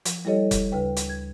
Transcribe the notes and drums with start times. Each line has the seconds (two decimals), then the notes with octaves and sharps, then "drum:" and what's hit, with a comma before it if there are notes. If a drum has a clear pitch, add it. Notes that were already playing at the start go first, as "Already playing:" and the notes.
0.05 F3, drum: hi-hat
0.25 G3 E4 G4 A4 C#5 D#5
0.51 drum: kick F1, hi-hat
0.72 D2 C#3 B4 G5
0.97 drum: hi-hat
1.09 G#6